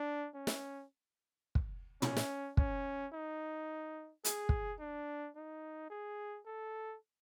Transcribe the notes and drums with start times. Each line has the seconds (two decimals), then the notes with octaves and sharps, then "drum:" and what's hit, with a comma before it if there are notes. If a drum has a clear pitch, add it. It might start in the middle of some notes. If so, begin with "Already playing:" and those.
Already playing: D4
0.35 C#4
0.47 drum: snare
1.55 drum: kick
2.02 C#4, drum: tom
2.17 drum: snare
2.57 C#4, drum: kick
3.13 D#4
4.25 G#4, drum: hi-hat
4.49 drum: kick
4.80 D4
5.36 D#4
5.90 G#4
6.46 A4